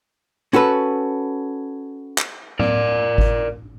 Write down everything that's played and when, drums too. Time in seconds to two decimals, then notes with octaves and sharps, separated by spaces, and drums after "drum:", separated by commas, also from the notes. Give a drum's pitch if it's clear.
0.53 C#4 F#4 A4 B4
2.18 drum: clap
2.59 A#4 D5, drum: tom A2
3.18 drum: kick G#1